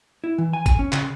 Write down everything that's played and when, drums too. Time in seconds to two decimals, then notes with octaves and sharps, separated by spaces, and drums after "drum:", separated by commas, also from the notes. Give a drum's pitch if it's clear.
0.24 E4
0.38 E3
0.53 G#5
0.66 G#5, drum: kick G#1, tambourine
0.79 C#4
0.92 C#3, drum: clap